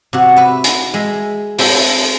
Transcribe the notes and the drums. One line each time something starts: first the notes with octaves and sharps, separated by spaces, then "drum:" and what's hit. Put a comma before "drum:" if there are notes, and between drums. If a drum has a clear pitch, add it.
C3 F#4
B4 E5
drum: hi-hat
G#3 E5
C4 C5 E5 B5, drum: open hi-hat